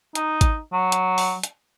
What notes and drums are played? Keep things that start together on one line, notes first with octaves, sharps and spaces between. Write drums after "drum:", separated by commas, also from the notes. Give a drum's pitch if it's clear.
D#4, drum: hi-hat
drum: kick G#1, hi-hat
F#3
drum: hi-hat
drum: open hi-hat
drum: hi-hat